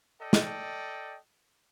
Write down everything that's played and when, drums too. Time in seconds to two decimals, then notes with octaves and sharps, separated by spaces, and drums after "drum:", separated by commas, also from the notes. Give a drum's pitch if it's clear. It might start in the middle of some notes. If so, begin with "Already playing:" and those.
0.21 A4 D5 D#5 G5
0.33 drum: snare